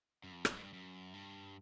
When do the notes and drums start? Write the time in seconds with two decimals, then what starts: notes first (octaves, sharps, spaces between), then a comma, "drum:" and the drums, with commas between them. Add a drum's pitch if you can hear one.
0.24 F#2
0.32 F2
0.45 A2, drum: rim click
0.55 G#2
0.63 G2
0.73 F#2
1.14 G2